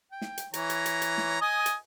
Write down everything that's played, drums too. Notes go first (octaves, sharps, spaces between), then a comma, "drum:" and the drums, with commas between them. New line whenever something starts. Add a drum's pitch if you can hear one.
G5
drum: snare
drum: hi-hat
E3 C#5 A#5, drum: hi-hat
drum: hi-hat
drum: hi-hat
drum: hi-hat
drum: snare
D#5 G#5 D#6
drum: hi-hat